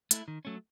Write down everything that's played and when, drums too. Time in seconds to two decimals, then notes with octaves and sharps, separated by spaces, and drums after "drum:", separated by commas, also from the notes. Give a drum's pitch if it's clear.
0.11 A3 E4, drum: hi-hat
0.28 D#3
0.45 F#3 A3 C#4